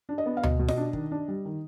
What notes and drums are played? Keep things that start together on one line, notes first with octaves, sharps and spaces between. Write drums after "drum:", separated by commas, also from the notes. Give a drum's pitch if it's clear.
D4
D#5
B3
F5
B2 D#5, drum: tom D2
B2
D#5, drum: snare F4
D4
D#3, drum: kick
D4
G3
D#3